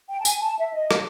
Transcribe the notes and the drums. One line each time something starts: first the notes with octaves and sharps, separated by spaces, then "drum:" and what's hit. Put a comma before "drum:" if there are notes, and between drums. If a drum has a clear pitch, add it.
G5
A5
G#5, drum: tambourine
A5
E5
D#5
drum: rim click